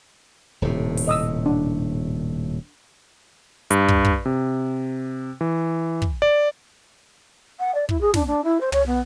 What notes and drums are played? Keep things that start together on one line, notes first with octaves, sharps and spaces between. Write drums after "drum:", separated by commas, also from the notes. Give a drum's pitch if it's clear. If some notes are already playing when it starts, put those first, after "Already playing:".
D#1 A2 C3
drum: open hi-hat
D#5 D#6 E6
D4
G2, drum: hi-hat
drum: kick
drum: kick
C3
E3
drum: kick
D5
F#5
D5
E4, drum: kick
G#4
D4, drum: snare
D4
E4
C5
C#5, drum: tom
B3